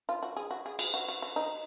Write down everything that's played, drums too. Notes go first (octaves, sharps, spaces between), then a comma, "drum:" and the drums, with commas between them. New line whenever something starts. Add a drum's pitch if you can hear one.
F4
F#4
G#4
F#4
G#4
G#4, drum: cymbal
F#4
F#4
F#4
D#4